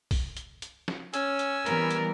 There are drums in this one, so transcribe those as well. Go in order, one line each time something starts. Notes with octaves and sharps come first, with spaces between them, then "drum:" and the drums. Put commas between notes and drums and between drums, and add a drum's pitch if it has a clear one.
drum: kick, open hi-hat
drum: hi-hat
drum: hi-hat
drum: snare
C#4 G#5 E6, drum: hi-hat
drum: hi-hat
E3 G3 B3 A#4, drum: hi-hat
drum: hi-hat